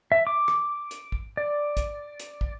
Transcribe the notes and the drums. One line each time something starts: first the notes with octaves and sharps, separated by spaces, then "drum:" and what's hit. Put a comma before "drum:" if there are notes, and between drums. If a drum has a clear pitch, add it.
E5
D6
drum: rim click
drum: hi-hat
drum: kick
D5
drum: kick, hi-hat
drum: hi-hat
drum: kick